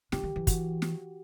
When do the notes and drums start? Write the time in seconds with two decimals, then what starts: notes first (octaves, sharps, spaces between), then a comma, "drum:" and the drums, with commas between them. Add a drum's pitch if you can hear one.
0.12 D3 G4, drum: snare
0.23 D#3
0.36 E3
0.47 F#4, drum: kick, hi-hat
0.82 drum: snare